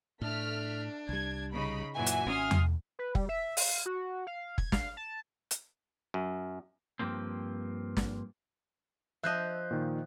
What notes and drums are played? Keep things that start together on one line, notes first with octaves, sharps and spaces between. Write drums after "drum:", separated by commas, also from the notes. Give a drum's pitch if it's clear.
A2 A3 D4 F6 B6
C2 G3 G#6
C#3 D#4 B5
F#2 A#2 E3 F#4 E5 G#5
drum: hi-hat
G#1 C4 C#4 C6 D#6 F6
drum: tom E2
B4
G3, drum: kick F1
E5
F5, drum: open hi-hat
F#4
F5
G#6, drum: kick F1
F5, drum: snare
A5
drum: hi-hat
F#2
G2 F3 A#3 C4
drum: snare
F3 C5 D#5 E5 F#6
A#2 D#3